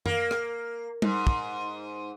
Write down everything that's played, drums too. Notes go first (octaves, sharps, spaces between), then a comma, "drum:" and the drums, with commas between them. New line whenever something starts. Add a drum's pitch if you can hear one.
A#3, drum: tom F#2
drum: rim click
G#2, drum: tom G3
drum: kick